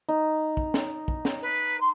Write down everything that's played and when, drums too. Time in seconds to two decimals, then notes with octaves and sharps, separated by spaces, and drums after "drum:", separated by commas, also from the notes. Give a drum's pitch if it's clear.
0.09 D#4
0.57 drum: kick
0.74 drum: snare
1.08 drum: kick
1.25 drum: snare
1.42 B4
1.80 C6